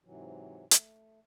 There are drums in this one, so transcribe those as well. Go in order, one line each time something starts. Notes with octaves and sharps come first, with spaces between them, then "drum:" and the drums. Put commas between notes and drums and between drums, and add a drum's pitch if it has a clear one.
G#2 C3 E3 F#3
A3, drum: hi-hat